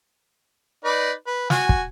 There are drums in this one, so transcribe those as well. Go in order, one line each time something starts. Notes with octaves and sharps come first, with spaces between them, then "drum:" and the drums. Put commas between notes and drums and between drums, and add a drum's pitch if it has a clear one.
D#4 B4 D5
B4
F#4 G#5, drum: snare
drum: kick